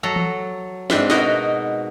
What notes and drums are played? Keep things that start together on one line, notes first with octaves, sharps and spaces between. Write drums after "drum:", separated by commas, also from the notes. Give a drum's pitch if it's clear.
F#3 A4 A#5
drum: tom E3
G#2 C4 D4 B4 E5 C6, drum: snare
B2 D#4 F#4 A#4 D#5, drum: snare